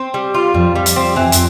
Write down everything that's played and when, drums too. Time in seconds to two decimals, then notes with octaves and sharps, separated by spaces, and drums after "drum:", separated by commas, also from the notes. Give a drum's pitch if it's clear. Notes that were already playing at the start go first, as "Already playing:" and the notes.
Already playing: C4
0.14 G3
0.34 F4
0.54 F2 G3
0.75 G3
0.86 drum: hi-hat
0.96 C4
1.16 F2 E3
1.32 drum: hi-hat